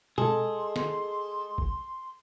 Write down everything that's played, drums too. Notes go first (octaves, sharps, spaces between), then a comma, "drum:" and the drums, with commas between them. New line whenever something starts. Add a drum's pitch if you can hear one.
G#3 G#4 A4 C6, drum: tom B2
drum: snare
drum: kick